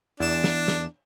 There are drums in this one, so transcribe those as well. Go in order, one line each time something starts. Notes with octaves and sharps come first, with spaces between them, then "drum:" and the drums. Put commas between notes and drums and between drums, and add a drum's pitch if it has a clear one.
E2 D4 E7
drum: snare
drum: snare